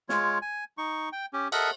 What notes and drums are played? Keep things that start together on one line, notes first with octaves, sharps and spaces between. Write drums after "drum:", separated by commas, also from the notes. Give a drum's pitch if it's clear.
G#3 F4 C#5, drum: snare
G#5
D#4 C#6
G5
C#4 G4
A4 A#4 D#5 E5 F#5, drum: cymbal